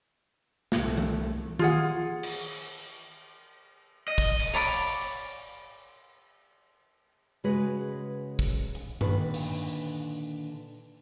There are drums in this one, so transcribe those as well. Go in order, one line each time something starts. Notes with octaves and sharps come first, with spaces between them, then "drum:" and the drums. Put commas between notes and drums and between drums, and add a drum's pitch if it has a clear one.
C2 A3, drum: snare
drum: tom E3
F4 G#4 F#5, drum: tom D#3
drum: cymbal
D#5
drum: kick
drum: cymbal
C#5 D5 B5 D6, drum: open hi-hat
C#3 G#3 F#4 G#4 B4
drum: kick
drum: hi-hat
A#2 D3 D#3 B4, drum: tom G2
drum: open hi-hat